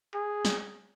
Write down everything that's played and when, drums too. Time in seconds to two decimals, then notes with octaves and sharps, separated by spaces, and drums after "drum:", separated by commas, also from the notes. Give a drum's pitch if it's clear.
0.14 G#4
0.45 drum: snare